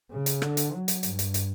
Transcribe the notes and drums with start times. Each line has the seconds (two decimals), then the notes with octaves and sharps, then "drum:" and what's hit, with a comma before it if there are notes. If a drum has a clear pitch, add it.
0.11 C#3
0.26 drum: hi-hat
0.42 D3, drum: rim click
0.57 drum: hi-hat
0.72 F#3
0.88 drum: hi-hat
1.03 G2, drum: hi-hat
1.19 drum: hi-hat
1.34 drum: hi-hat